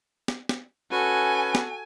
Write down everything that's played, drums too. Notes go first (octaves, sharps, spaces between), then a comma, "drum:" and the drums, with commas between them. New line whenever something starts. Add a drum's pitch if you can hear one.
drum: snare
drum: snare
C#4 F#4 A4 B4 G#5
drum: snare